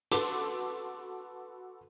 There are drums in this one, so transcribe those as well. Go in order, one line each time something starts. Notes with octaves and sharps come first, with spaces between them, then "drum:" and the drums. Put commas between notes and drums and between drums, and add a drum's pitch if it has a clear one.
F#4 A4 B4 A5 C6 D6, drum: hi-hat